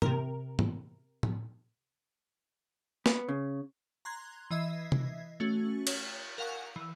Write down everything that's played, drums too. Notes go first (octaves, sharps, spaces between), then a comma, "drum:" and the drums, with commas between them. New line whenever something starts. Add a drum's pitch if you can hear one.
C3 A#4, drum: tom
drum: tom
drum: tom A2
B3, drum: snare
C#3
A#5 C6 F#6 G#6
E3 D#5 E5 G#6 C7
drum: tom C3
A3 C#4 F#4
C#5, drum: cymbal
A#4 F5 F#5 G#5 C#6 F#6
E3